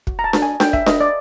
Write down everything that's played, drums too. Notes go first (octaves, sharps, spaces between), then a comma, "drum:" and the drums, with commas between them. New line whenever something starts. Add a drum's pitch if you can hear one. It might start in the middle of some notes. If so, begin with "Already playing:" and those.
F#4, drum: kick
A#5
A5
F#4, drum: snare D4
G#5
B4 G5, drum: snare D4
E5, drum: kick
B4 D#5, drum: snare D4
D5